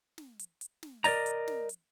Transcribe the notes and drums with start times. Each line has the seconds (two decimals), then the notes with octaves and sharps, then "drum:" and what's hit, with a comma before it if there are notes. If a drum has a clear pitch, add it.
0.18 drum: snare
0.39 drum: hi-hat
0.61 drum: hi-hat
0.83 drum: snare
1.04 A#4 B4 D5 D#5 A#5, drum: open hi-hat
1.26 drum: hi-hat
1.48 drum: snare
1.69 drum: hi-hat